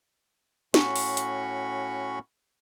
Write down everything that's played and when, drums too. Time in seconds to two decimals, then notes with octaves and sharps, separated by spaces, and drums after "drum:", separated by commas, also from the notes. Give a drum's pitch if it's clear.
0.74 A2 C#4 F#4 B5 C#6, drum: snare
0.96 drum: open hi-hat
1.17 drum: hi-hat